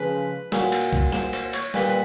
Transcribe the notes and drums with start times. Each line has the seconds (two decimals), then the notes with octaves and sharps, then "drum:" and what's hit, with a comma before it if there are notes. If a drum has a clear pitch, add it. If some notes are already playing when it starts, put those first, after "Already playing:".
Already playing: C#3 F3 G#3 B4
0.52 A#2 F#3, drum: snare
0.72 drum: cymbal
0.93 drum: kick C2
1.12 C5, drum: snare
1.33 C5, drum: cymbal
1.53 C#5, drum: cymbal
1.74 A#2 G3 B4, drum: snare
1.89 B4